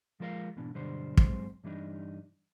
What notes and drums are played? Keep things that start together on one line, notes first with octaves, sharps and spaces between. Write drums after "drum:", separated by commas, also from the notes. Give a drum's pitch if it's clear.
F3 G#3 F4 A#4 D5 F5
G#2 B2 E3 D4
B1 G2 D3 G3 D4 C5
G2 F#3 G#3 C4 C5, drum: kick
G2 E3 G3 D4 D#4